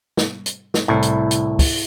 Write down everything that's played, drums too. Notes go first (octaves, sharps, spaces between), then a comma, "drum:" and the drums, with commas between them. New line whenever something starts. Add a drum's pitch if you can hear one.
drum: snare
drum: hi-hat
drum: snare
C2 A2 E4
drum: hi-hat
drum: hi-hat
drum: kick, open hi-hat